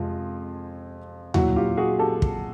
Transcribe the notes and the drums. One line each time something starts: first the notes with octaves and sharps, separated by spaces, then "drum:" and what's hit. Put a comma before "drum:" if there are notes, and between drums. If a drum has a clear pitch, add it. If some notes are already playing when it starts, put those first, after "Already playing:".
Already playing: F2 C3 F3 G#3 F4
A#2 F#3 E4 F#4, drum: tom D#2
F4 G4
F#4 G#4
G4 A4
drum: kick